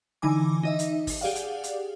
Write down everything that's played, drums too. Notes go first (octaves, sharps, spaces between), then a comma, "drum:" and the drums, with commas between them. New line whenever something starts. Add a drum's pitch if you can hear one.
D3 E3 D#4 G#5 D6
D#4 D#5 E5
drum: hi-hat
drum: kick, open hi-hat
G4 G#4 D5 F5 F#5
drum: hi-hat
drum: hi-hat